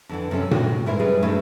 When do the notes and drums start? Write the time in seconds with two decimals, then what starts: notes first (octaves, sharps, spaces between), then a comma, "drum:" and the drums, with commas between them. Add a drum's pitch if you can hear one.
0.09 F2 D3 E3
0.31 F#2 C3 C#4 A4
0.51 D#3 F#4, drum: tom A#2
0.86 G#2 E4 A#4 C5
1.00 F#2 G3 G#4 B4 F#5
1.22 G2 F#3 A3 C#4 D#4 B4